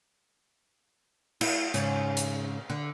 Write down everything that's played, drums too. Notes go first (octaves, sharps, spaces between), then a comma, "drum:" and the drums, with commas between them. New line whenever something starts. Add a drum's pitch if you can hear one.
E4, drum: cymbal
G#2 C#3 C#4, drum: hi-hat
drum: hi-hat
D3